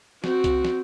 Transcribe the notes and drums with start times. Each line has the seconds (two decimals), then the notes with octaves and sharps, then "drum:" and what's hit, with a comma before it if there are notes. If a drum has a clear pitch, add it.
0.24 C4 F#4, drum: snare
0.44 drum: kick C2, hi-hat
0.65 drum: snare